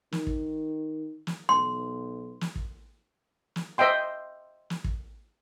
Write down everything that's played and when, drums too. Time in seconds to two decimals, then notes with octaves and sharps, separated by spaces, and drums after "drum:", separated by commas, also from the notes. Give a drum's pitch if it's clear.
0.12 D#3, drum: snare
0.27 drum: kick
1.27 drum: snare
1.49 B1 C6
2.41 drum: snare
2.56 drum: kick
3.56 drum: snare
3.78 C5 D#5 E5 G5 C6
4.70 drum: snare
4.84 drum: kick